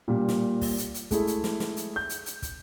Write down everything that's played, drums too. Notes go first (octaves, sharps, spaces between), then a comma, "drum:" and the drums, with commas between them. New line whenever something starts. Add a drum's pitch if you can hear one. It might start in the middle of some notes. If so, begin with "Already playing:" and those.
A#2 G3
drum: snare
drum: kick, open hi-hat
drum: hi-hat
drum: hi-hat
G#3 A3 E4 G#4, drum: kick, hi-hat
drum: hi-hat
drum: snare
drum: snare
drum: hi-hat
G6
drum: hi-hat
drum: hi-hat
drum: kick, hi-hat